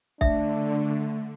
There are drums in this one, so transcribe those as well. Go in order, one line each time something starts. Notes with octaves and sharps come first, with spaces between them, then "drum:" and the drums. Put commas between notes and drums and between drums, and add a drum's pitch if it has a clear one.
D3 A3 D4 E5, drum: kick